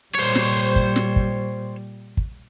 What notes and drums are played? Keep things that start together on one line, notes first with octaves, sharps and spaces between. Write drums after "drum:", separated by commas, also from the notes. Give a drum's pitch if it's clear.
A#2 G3 C5 C#5
drum: snare
drum: kick
drum: snare
drum: kick
drum: kick